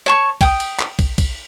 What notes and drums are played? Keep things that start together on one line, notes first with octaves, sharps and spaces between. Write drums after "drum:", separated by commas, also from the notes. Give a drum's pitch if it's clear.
C#5 A5 C#6
G5 D#6, drum: kick, cymbal
drum: cymbal
drum: clap
drum: kick, cymbal
drum: kick, cymbal